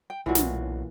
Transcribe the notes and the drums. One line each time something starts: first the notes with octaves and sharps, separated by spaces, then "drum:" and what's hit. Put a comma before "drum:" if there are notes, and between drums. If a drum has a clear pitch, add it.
G5
B1 A#2 E3 C#4 F4 F#4
drum: snare